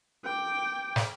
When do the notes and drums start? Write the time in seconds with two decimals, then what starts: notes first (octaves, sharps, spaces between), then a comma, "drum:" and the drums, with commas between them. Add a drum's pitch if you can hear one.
0.24 G5 D6
0.96 drum: snare